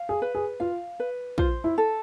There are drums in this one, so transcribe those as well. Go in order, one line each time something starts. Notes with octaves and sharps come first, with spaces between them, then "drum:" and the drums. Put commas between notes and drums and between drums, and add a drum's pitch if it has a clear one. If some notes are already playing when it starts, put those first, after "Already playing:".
Already playing: F5
G#4
B4
G#4
F4 F5
B4
F4 C5, drum: kick
E4
A4